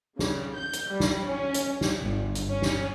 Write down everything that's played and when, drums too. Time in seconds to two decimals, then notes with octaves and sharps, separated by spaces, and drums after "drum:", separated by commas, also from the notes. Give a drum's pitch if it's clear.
0.19 C#3, drum: snare
0.55 G6
0.73 drum: hi-hat
0.90 G3
1.00 drum: snare
1.23 C#4
1.54 drum: hi-hat
1.81 drum: snare
2.00 G1
2.35 drum: hi-hat
2.49 C#4
2.62 drum: snare